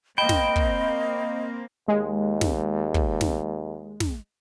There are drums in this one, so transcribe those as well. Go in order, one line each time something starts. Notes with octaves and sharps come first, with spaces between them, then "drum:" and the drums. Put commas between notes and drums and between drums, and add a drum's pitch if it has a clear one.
A#3 C4 D#5 G5 B5
drum: snare
drum: kick
D#2 G#3
drum: snare
drum: kick
drum: snare
drum: snare